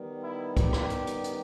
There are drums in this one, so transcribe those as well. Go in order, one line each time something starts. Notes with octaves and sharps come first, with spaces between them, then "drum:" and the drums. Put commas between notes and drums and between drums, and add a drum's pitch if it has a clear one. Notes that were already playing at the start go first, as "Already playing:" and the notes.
Already playing: D#3 G3 B3
E4
G4, drum: kick C2, hi-hat
drum: rim click
drum: hi-hat
drum: hi-hat
drum: hi-hat